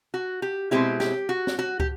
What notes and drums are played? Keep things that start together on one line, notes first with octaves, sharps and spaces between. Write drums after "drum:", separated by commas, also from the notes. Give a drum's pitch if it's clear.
F#4
G4
B2 G#3 C4 E4 G4
G4, drum: snare C#5
F#4
drum: snare C#5
F#4
G4, drum: kick